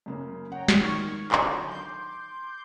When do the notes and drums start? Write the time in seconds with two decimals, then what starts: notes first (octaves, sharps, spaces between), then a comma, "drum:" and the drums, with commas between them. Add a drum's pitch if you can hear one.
0.06 F#2 C#3 A#3
0.52 C#5 F#5 G5 A#5
0.68 drum: snare
0.80 D#3 C#6 F6 G#6
1.32 D3 F#3 A4, drum: clap
1.64 C6 D6 G6